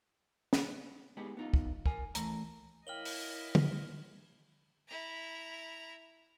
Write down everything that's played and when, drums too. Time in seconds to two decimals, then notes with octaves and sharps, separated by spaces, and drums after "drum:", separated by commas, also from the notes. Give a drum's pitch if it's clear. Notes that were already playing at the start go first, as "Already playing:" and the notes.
0.53 drum: snare
1.17 G#3 B3 D#4 G4
1.37 B3 D#4 F4
1.54 drum: kick
1.86 A#4 G#5, drum: kick
2.15 E3 A3 A#5, drum: hi-hat
2.87 A#3 E4 C#5 D#5 G5 F6 F#7 G7
3.05 drum: open hi-hat
3.55 drum: tom
4.88 E4 A#5